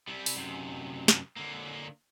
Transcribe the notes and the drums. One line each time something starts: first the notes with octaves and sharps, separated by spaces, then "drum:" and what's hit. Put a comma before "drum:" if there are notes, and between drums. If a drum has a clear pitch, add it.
C3 G3
drum: open hi-hat
F#2 C3
drum: snare
D3 A#3